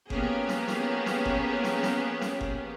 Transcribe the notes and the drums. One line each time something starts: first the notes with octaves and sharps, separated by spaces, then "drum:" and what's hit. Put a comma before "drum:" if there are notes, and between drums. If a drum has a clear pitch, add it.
F3 A#3 B3 C#4 G4 G#4, drum: kick G1
drum: snare
drum: snare
drum: snare
drum: kick G1
drum: snare
drum: snare
drum: snare
drum: kick G1